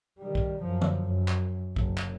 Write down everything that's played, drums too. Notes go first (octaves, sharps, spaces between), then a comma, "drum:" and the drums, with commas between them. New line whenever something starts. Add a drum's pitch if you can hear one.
D#3 G3
drum: kick B1
F#2 F3
drum: tom
F#2
drum: clap
F#1, drum: kick B1
drum: clap